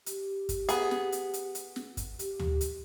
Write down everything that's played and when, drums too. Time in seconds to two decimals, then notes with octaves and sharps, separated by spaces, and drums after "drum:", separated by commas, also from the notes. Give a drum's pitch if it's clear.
0.06 G4, drum: hi-hat
0.49 drum: kick, hi-hat
0.69 B3 G#4, drum: hi-hat
0.91 drum: snare
1.12 drum: hi-hat
1.34 drum: hi-hat
1.55 drum: hi-hat
1.76 drum: snare
1.97 drum: kick, hi-hat
2.19 G4, drum: hi-hat
2.39 drum: tom D2
2.61 drum: hi-hat